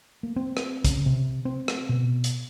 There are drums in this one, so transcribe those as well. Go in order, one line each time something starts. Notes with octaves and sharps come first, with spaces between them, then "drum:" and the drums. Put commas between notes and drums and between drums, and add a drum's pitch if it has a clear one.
A#3
C4
drum: rim click
C#3, drum: kick, hi-hat
C3
C4
drum: rim click
B2
drum: hi-hat